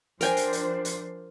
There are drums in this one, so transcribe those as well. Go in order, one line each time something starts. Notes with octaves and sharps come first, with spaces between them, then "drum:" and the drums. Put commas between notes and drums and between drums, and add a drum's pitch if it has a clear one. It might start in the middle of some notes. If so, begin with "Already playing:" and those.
F3 D4 A#4 C5 G5 G#5, drum: hi-hat
drum: hi-hat
drum: hi-hat
drum: hi-hat